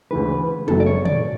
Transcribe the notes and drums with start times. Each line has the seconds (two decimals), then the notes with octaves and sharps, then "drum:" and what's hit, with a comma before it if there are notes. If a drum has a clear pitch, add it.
0.11 D2 C#3 E3 G#3 B4
0.68 F#1 F#2 C#3 F#3 A3 A4, drum: tom
0.80 D5
0.86 C#5
1.05 D5, drum: tom